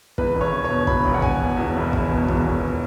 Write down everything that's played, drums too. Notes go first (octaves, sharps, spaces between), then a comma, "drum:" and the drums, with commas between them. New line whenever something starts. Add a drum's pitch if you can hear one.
E2 B4, drum: kick
E1
C#5
E1
C#5
B2
E2 B5, drum: kick
E1
F#5
E1 G#5, drum: kick
B2
E2
E1
E1, drum: kick
B2
E2, drum: kick
E1